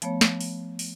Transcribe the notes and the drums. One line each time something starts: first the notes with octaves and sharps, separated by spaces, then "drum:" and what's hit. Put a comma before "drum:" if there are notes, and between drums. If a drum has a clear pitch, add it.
F3 A3 B3 C#5, drum: hi-hat
drum: snare
drum: open hi-hat
drum: open hi-hat